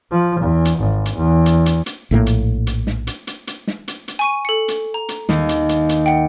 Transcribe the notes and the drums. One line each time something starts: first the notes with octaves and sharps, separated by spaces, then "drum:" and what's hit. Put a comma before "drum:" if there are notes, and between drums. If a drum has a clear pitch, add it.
F3
E2
drum: hi-hat
G#1
drum: hi-hat
E2
drum: hi-hat
drum: hi-hat
drum: hi-hat
A#1 A2 D#3 A#3
drum: hi-hat
drum: hi-hat
drum: snare
drum: hi-hat
drum: hi-hat
drum: hi-hat
drum: snare
drum: hi-hat
drum: hi-hat
G#5 C#6 D#7
A4 C#7
drum: hi-hat
A#5
drum: hi-hat
D#2, drum: snare
drum: hi-hat
drum: hi-hat
drum: hi-hat
F#5 G5